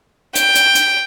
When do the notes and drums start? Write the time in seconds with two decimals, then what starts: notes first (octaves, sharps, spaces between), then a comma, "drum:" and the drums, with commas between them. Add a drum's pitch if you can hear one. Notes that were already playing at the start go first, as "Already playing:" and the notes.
0.35 G5, drum: hi-hat
0.55 drum: hi-hat
0.75 drum: hi-hat